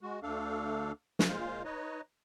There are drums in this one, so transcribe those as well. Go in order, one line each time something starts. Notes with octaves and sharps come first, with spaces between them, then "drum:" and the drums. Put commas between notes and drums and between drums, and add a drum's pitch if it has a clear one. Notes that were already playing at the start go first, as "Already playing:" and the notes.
G#3 F#4
D2 A3 D4 A4 F5
drum: snare
A#2 G#3 F4 C5 F5
D#4 B4 C#5 D#5